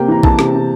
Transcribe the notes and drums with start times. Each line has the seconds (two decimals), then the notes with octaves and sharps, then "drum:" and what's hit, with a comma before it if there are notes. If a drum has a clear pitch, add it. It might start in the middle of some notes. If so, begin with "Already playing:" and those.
Already playing: C3 A#3 G5
0.08 E3 A#5
0.23 E3 A5, drum: kick A#1
0.39 C3, drum: rim click
0.54 C3